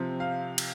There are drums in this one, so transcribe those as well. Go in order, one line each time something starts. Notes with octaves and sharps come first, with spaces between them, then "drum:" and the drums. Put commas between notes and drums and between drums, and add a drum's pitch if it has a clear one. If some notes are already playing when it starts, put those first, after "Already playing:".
Already playing: C3 F3 C4
F5
drum: cymbal